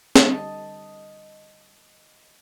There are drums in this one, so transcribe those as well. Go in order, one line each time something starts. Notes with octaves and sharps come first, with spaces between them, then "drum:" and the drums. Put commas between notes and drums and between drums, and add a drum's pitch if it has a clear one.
D3 G3 C4 D#5 A5, drum: snare